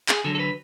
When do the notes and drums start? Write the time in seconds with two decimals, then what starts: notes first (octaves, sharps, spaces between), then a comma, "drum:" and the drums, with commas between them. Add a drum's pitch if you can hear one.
0.09 G#4, drum: clap
0.24 D3 F#3 A4
0.35 A4
0.39 B4